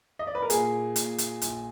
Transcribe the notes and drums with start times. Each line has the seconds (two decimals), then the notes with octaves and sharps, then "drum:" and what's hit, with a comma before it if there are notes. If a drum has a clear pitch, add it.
0.19 D#5
0.27 D5
0.35 B4
0.42 A#4
0.50 A#2 G#4, drum: hi-hat
0.96 A#2, drum: hi-hat
1.18 drum: hi-hat
1.42 A#1, drum: hi-hat